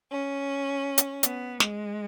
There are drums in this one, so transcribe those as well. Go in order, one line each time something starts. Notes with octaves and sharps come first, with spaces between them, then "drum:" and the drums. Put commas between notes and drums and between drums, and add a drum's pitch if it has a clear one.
C#4
drum: hi-hat
B3, drum: hi-hat
G#3, drum: snare